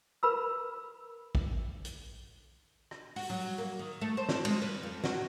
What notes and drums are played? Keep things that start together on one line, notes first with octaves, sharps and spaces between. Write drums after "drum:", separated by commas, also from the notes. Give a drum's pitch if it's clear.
A#4 B4 B5 E6
drum: kick
drum: hi-hat
drum: rim click
F#4, drum: open hi-hat
F#3
A#3
D#3
A3
C5
drum: snare
G#3, drum: cymbal
B4
F2
F#4, drum: snare